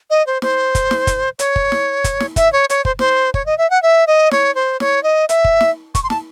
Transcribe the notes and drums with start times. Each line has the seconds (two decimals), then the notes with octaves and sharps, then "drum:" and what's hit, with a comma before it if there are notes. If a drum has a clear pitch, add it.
0.10 D#5
0.27 C5
0.42 C5, drum: snare
0.75 drum: kick, hi-hat
0.91 drum: snare
1.07 drum: kick, hi-hat
1.39 C#5, drum: hi-hat
1.56 drum: kick
1.72 drum: snare
2.04 drum: kick, hi-hat
2.21 drum: snare
2.36 E5, drum: kick, hi-hat
2.53 C#5
2.69 C#5, drum: hi-hat
2.85 C5, drum: kick
2.99 C5, drum: snare
3.34 C#5, drum: kick
3.46 D#5
3.58 E5
3.70 F#5
3.83 E5
4.07 D#5
4.32 C#5, drum: snare
4.55 C5
4.80 C#5, drum: snare
5.03 D#5
5.29 E5, drum: hi-hat
5.44 drum: kick
5.61 drum: snare
5.95 C#6, drum: kick, hi-hat
6.03 C6
6.10 A5, drum: snare